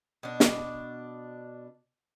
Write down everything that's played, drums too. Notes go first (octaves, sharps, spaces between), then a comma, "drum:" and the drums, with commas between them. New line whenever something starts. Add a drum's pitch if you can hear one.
B2 D4
drum: snare